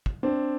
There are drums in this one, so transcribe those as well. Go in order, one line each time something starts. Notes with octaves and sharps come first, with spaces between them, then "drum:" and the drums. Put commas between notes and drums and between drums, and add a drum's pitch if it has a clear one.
drum: kick
C4 D4